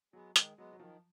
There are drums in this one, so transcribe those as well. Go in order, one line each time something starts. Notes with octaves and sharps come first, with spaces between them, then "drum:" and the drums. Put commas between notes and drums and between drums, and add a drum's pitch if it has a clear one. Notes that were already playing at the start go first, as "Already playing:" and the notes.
F#3 G#3 B3
D#3 G#3, drum: hi-hat
F#3 G#3 B3
F#3
D#3 F3